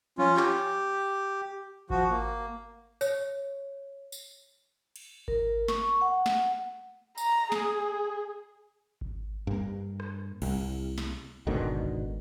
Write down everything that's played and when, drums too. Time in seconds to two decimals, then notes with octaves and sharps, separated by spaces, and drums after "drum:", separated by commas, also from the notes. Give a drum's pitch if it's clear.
0.18 C#4 F4, drum: tom E3
0.37 G4, drum: clap
1.90 F3 F#4, drum: kick G#1
2.11 A#3
3.01 C#5, drum: tambourine
4.12 drum: tambourine
4.96 drum: cymbal
5.28 A#4, drum: kick G#1
5.68 C#6, drum: snare
6.01 F#5
6.26 drum: snare
7.18 A#5, drum: tambourine
7.52 G#4, drum: snare
9.01 drum: kick G#1
9.47 G2 A#3
10.00 drum: rim click
10.42 C2, drum: cymbal
10.98 drum: snare
11.47 G#2 B2 D3 D#3, drum: kick G#1
11.83 drum: kick G#1